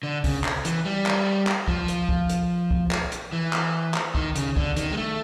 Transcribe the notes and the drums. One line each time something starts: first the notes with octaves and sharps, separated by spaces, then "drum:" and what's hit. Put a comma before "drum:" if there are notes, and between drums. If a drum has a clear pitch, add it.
D3
C#3, drum: kick C2, open hi-hat
drum: clap
E3, drum: hi-hat
G3
drum: clap
drum: clap
F3, drum: kick C2
drum: hi-hat
drum: kick C2
drum: hi-hat
drum: kick C2
drum: clap
drum: hi-hat
E3
drum: clap
drum: clap
D#3, drum: kick C2
C#3, drum: hi-hat
D3, drum: kick C2
D#3, drum: hi-hat
G#3
A3